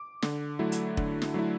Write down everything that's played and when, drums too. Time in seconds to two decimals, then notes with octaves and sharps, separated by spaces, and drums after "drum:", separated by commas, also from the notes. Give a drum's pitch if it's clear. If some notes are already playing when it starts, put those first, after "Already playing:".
Already playing: D6
0.22 D3, drum: snare
0.59 F#3 A3 E4
0.72 drum: hi-hat
0.97 D3, drum: kick
1.22 drum: snare
1.34 F#3 A3 E4